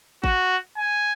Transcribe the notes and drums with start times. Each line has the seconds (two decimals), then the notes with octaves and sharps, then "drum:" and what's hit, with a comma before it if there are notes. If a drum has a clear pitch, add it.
0.24 F#4, drum: kick G#1
0.77 G#5